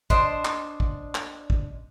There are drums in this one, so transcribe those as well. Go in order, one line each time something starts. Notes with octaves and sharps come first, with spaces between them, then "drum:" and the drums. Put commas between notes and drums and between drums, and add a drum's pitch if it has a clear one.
D4 C5 D#5, drum: kick
drum: clap
drum: kick
drum: clap
drum: kick